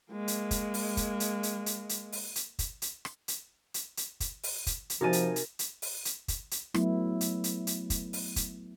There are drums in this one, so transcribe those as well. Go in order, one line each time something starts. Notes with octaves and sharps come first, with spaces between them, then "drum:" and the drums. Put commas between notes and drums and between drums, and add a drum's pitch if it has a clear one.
G#3 A#3
drum: hi-hat
drum: kick, hi-hat
drum: open hi-hat
drum: kick, hi-hat
drum: hi-hat
drum: hi-hat
drum: hi-hat
drum: hi-hat
drum: open hi-hat
drum: hi-hat
drum: kick, hi-hat
drum: hi-hat
drum: rim click
drum: hi-hat
drum: hi-hat
drum: hi-hat
drum: kick, hi-hat
drum: open hi-hat
drum: kick, hi-hat
drum: hi-hat
C3 F3 D#4 F#4 A#4 G#5 A6 D#7
drum: hi-hat
drum: hi-hat
drum: hi-hat
drum: open hi-hat
drum: hi-hat
drum: kick, hi-hat
drum: hi-hat
F#3 A3 B3 E4, drum: rim click
drum: hi-hat
drum: hi-hat
drum: hi-hat
drum: kick, hi-hat
drum: open hi-hat
drum: kick, hi-hat